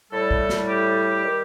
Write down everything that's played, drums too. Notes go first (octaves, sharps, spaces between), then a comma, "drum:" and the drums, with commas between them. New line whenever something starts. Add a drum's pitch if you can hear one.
A2 G3 A4
drum: kick A1
drum: snare
G4
D#3 G3